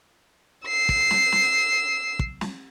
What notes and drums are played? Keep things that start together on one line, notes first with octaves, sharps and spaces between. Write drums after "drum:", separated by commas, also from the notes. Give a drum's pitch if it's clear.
E6 C7
drum: kick
drum: snare
drum: snare
drum: kick
drum: snare